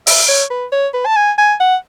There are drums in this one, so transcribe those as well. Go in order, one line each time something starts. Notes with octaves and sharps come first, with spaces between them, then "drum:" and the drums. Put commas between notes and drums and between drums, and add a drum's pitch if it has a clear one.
E5, drum: open hi-hat
C#5
B4
C#5
B4
A5
G#5
G#5
F#5